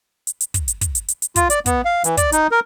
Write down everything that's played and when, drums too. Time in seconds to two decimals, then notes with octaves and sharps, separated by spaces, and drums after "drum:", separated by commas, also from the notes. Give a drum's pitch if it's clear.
0.27 drum: hi-hat
0.41 drum: hi-hat
0.54 drum: kick, hi-hat
0.68 drum: hi-hat
0.81 drum: kick, hi-hat
0.95 drum: hi-hat
1.08 drum: hi-hat
1.22 drum: hi-hat
1.36 F4, drum: kick, hi-hat
1.50 D5, drum: hi-hat
1.66 B3, drum: kick, hi-hat
1.85 F5
2.04 E3, drum: hi-hat
2.17 D5, drum: kick, hi-hat
2.32 D#4, drum: hi-hat
2.51 A#4